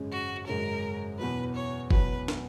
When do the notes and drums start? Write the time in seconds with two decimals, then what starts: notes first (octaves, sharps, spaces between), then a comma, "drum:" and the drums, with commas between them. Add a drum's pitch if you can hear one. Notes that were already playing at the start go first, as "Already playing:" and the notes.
Already playing: G#1 F#2 C#3 G#3 C#4
0.12 F#4
0.47 G#1 F#2 C#3 G#3 C#4 A#4
1.19 E2 B2 F#3 B4
1.55 C#5
1.91 E2 B2 F#3 B4, drum: kick F#1
2.28 drum: snare